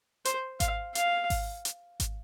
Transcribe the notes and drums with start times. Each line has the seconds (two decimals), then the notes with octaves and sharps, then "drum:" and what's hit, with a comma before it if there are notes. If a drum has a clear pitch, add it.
0.25 C5, drum: hi-hat
0.60 F5, drum: kick G#1, hi-hat
0.95 F5, drum: hi-hat
1.30 drum: kick G#1, open hi-hat
1.65 drum: hi-hat
2.00 drum: kick G#1, hi-hat